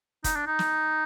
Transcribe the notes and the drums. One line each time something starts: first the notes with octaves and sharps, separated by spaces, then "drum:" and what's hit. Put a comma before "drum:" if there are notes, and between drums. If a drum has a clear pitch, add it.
D#4, drum: kick F1, hi-hat
D4
D#4
drum: snare